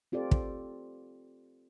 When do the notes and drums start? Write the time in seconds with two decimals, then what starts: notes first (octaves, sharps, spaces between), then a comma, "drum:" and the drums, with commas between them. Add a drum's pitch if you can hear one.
0.12 C4 F4 G4 A4 D5
0.31 drum: kick